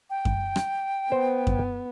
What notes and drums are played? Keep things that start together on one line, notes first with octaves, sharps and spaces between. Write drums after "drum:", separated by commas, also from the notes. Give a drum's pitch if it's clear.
G5
drum: kick F#2
drum: rim click
B3 C5
drum: kick F#2